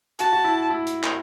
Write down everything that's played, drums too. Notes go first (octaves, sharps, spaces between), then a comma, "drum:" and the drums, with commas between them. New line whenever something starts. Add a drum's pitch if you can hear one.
F#4 A5, drum: hi-hat
F#4
E4
E4
drum: hi-hat
drum: clap